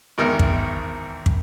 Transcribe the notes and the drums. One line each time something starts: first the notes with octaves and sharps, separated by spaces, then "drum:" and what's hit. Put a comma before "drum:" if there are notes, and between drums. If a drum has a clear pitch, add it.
G#1 E2 D#3 A#4 F6
drum: kick
drum: kick